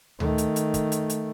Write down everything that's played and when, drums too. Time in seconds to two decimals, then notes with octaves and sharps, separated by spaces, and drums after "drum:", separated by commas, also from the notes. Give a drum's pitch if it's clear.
0.20 D#3 A3, drum: tom D2
0.38 drum: hi-hat
0.56 drum: hi-hat
0.74 drum: kick, hi-hat
0.92 drum: hi-hat
1.10 drum: hi-hat